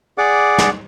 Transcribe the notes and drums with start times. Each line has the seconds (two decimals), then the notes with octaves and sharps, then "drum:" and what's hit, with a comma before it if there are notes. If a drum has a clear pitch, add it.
0.18 G#4 D5 F#5 D6
0.58 drum: snare